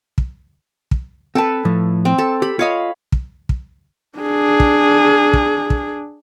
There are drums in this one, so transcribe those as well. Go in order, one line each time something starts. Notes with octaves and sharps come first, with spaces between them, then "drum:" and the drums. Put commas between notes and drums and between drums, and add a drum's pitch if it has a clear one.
drum: kick
drum: kick
C4 A4 B4 G5 A5
A2 F3
C4
A4
G4 B5
F4 C#5 D#5 F5 B5
drum: kick
drum: kick
D4 G#4
drum: kick
drum: kick
drum: kick